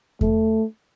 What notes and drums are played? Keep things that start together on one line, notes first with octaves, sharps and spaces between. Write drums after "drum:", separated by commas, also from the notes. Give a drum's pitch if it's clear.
A3, drum: kick E2